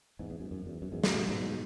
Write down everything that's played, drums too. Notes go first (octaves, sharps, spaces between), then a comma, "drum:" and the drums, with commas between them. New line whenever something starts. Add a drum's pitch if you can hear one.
E2 G#2
E2
F#2
F#2
E2
F#2
E2 G#2
F#2, drum: snare
A2 C#3
G#2 B2